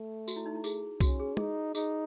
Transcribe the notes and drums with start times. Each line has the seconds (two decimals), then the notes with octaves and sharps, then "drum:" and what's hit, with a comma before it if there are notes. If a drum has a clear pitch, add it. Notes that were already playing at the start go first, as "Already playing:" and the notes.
Already playing: A3
0.28 F#4, drum: tambourine
0.36 E4
0.46 D#4
0.55 E4
0.64 G#4, drum: tambourine
1.00 C#4 F#4, drum: kick B1, tambourine
1.19 G#4
1.37 D#4 G#4, drum: tom
1.75 D#4 G#4, drum: tambourine